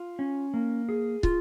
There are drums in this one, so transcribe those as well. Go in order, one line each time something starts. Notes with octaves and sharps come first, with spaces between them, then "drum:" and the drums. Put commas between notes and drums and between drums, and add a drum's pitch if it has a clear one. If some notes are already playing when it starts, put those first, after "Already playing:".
Already playing: F4
C#4
A#3
G#4
F4, drum: kick